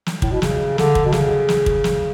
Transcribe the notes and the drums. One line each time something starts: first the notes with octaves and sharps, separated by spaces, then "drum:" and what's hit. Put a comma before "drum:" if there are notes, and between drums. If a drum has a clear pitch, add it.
drum: snare
A2, drum: kick
B2
C#3, drum: snare
D3, drum: snare
drum: kick
B2
C#3, drum: snare
drum: snare
drum: kick
drum: snare